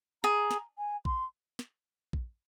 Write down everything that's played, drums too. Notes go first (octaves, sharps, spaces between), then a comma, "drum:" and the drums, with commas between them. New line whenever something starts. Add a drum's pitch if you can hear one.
G#4 A#5
drum: snare
G#5
C6, drum: kick A#1
drum: snare
drum: kick A#1